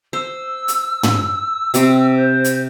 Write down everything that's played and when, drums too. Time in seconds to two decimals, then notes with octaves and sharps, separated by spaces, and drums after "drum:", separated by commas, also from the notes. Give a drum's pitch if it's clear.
0.13 C5 E6
0.68 drum: hi-hat
1.03 drum: tom
1.74 C3 C4 G4, drum: hi-hat
2.16 C5
2.44 drum: hi-hat